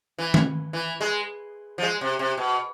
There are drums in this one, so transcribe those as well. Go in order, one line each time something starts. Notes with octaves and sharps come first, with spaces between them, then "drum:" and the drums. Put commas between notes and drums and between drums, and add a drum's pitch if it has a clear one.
E3
drum: tom D#3
E3
G#3
F3
G#3
C3
C3
B2